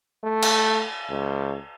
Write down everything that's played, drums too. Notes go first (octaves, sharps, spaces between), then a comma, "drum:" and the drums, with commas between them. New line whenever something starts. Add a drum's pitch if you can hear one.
A3
drum: cymbal
C#2